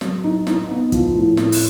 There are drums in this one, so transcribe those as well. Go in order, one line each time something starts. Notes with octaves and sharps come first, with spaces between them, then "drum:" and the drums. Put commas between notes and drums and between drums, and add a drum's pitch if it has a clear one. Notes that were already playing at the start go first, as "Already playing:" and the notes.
F#3, drum: snare
D#4
D#4, drum: snare
B3
F3, drum: kick, hi-hat
A2
A2, drum: snare
drum: open hi-hat